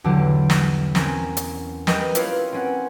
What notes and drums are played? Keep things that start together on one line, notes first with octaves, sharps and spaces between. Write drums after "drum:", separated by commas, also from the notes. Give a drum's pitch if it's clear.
B1 E2 D3 F#3 G4
drum: snare
C4 C#4 A#4, drum: snare
drum: hi-hat
G4 A#4 B4 D#5 G5, drum: snare
E4 F4 G4 B4 C#5 F5, drum: hi-hat
C4 C#4 F#5